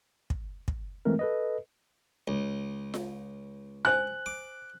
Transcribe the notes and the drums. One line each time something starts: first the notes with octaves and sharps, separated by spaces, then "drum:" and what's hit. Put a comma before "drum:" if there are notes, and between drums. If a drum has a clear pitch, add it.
drum: kick
drum: kick
E3 G#3 A3 C4 A#4
A4 B4 D#5
C#2
drum: snare F4
C5 G#5 F#6
D6